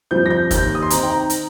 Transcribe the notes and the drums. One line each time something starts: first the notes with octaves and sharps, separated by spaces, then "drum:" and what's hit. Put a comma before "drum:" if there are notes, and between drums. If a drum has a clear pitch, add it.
G2 F3 C4 G6
A#6
G6
D#2 G6, drum: kick, hi-hat
D#6
C6
D#3 C4 D#4 A#5, drum: hi-hat
G5
A#5
drum: hi-hat